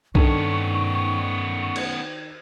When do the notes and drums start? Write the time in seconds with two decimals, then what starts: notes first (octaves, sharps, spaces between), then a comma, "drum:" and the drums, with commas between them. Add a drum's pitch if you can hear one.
0.15 G2 D#3 B3 C#4 D4 A4 C#6, drum: kick B1
1.76 drum: cymbal